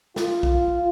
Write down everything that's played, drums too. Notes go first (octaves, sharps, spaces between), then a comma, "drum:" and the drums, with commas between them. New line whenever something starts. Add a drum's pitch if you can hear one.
F4, drum: snare
drum: kick